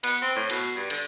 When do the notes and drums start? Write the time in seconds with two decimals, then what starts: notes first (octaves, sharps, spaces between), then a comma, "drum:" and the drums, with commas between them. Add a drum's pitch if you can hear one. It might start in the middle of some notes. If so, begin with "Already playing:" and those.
0.04 B3, drum: cymbal
0.22 C4
0.36 A2
0.50 B2, drum: cymbal
0.76 G2
0.90 D3, drum: cymbal